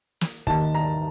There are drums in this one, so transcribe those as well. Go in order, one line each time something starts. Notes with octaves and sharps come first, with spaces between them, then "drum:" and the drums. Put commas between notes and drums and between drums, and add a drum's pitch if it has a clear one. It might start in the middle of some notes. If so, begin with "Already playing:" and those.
drum: snare
D#2 D#3 A5, drum: kick
A#5